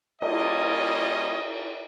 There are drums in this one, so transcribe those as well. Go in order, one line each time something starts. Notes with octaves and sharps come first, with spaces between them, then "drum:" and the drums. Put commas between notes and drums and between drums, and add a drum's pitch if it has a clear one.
G3 A#3 C#4 F4 D#5, drum: cymbal